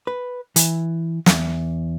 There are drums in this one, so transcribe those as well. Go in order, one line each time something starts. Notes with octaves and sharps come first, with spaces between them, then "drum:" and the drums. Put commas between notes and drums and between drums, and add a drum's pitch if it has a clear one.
B4
E3, drum: hi-hat
E2, drum: snare